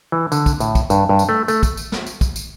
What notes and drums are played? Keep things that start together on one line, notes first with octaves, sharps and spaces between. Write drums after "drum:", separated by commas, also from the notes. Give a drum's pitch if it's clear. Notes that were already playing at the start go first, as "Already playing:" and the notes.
E3
D3, drum: tambourine
drum: kick, tambourine
A2, drum: tambourine
drum: kick, tambourine
G2, drum: tambourine
G2
drum: tambourine
A3
A3, drum: tambourine
drum: kick, tambourine
drum: tambourine
drum: snare
drum: tambourine
drum: kick, tambourine
drum: tambourine